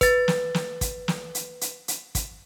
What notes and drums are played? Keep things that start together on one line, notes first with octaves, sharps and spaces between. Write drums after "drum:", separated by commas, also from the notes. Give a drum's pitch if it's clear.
B4 A6, drum: kick, hi-hat
drum: snare
drum: snare
drum: kick, hi-hat
drum: snare
drum: hi-hat
drum: hi-hat
drum: hi-hat
drum: kick, hi-hat